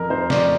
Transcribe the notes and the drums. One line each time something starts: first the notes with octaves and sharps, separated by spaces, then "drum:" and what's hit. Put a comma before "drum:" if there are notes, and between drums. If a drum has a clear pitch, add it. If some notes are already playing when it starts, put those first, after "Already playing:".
Already playing: F2 A#4
F2 C5
F2 D5, drum: snare